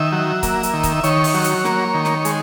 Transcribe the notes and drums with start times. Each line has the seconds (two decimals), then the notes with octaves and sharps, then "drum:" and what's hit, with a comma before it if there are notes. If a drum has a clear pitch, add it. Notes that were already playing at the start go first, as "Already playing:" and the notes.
Already playing: D#3 E5
0.12 F#3
0.43 A#3, drum: kick C#1, hi-hat
0.63 drum: hi-hat
0.73 D#3
0.83 drum: kick C#1, hi-hat
1.03 D#3 C#5, drum: hi-hat
1.24 drum: open hi-hat
1.34 F#3
1.44 drum: hi-hat
1.64 A#3, drum: snare
1.94 D#3
2.05 drum: snare
2.25 G#3, drum: hi-hat